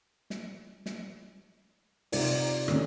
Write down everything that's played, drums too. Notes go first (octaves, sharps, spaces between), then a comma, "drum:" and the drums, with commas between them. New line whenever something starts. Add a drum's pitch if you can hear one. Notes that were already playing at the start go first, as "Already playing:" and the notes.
drum: snare
drum: snare
C3 G#3 D#4 F4 A#4 D5, drum: open hi-hat
D3 D#3 A3 C4 C#4, drum: rim click